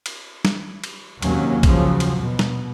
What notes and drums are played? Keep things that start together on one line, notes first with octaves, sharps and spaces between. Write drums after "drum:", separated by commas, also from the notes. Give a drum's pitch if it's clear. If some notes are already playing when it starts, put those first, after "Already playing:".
drum: cymbal
drum: snare
drum: cymbal
D#2 C3 F#3 A#3 C#4, drum: cymbal
C#3 F3 F#3, drum: kick A#1, cymbal
drum: cymbal
B2
drum: snare